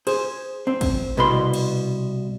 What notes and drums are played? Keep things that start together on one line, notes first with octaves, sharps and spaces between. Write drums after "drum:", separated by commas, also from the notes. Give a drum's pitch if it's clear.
G#4 C5, drum: cymbal
C4
drum: kick, cymbal
C2 B2 B4 B5 C6
drum: cymbal